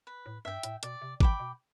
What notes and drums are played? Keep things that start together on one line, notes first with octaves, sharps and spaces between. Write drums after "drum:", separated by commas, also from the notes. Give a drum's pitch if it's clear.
B4
A2
G2 E5 G5
A2, drum: hi-hat
B2 D5, drum: hi-hat
C3
E3 G5 B5 D6, drum: kick G#1
B2